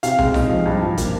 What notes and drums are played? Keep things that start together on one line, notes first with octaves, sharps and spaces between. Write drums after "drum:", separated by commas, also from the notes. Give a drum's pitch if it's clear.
C3 F5, drum: hi-hat
G#3, drum: tom C2
D#4, drum: snare E4
F3
G2
F3
A#3, drum: kick, hi-hat